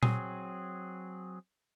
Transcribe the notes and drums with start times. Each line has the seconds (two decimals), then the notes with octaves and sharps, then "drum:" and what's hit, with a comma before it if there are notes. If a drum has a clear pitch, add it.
0.03 F#3 C4 G#4, drum: tom A#2